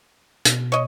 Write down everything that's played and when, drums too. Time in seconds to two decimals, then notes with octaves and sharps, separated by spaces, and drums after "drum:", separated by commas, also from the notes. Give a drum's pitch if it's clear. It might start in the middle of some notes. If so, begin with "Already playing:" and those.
0.45 B2, drum: hi-hat
0.72 C#5 D#5